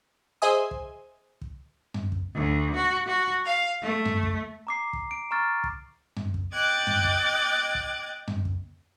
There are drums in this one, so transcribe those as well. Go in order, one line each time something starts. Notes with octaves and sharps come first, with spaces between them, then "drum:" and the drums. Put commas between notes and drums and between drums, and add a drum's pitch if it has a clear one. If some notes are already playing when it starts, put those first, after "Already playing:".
G#4 C5 D#5 E5 G#5 D#6
drum: kick
drum: kick
drum: tom F#2
drum: kick
D2
F#4
F#4
F5
A3
drum: tom F#2
drum: kick
A#5 D6 C7
drum: kick
D7
A#5 C#6 F6 A6
drum: kick
drum: tom F#2
drum: kick
D#5 G5 D6 F#6 G#6 A6
drum: tom F#2
drum: kick
drum: kick
drum: tom F#2
drum: kick